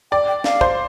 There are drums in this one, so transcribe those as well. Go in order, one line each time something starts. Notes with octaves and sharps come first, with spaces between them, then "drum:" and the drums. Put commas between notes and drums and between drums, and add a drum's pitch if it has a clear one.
D5 G5
G5
F5, drum: snare
C5, drum: kick